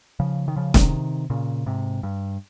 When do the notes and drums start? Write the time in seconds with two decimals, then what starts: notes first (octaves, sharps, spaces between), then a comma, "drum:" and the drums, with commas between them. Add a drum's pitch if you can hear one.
0.20 C#3 F3
0.48 D#3
0.56 C#3 F3
0.74 C3 D#3, drum: snare
1.30 A#2 C#3
1.66 G#2 C3
2.03 G2